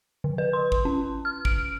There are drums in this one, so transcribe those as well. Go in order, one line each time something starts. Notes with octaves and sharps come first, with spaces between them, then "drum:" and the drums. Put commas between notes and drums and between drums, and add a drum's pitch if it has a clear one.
D3
B4
C6
drum: kick
C#4
F6
D7, drum: kick